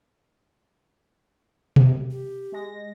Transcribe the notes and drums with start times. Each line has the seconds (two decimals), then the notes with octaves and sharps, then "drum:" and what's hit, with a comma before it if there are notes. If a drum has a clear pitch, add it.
1.76 drum: tom B2
2.11 G4
2.52 G#3 A#6